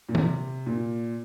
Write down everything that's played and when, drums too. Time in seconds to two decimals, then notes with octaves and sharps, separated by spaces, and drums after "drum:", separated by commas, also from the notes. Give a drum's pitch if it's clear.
0.09 A#2
0.15 C3, drum: tom
0.66 A#2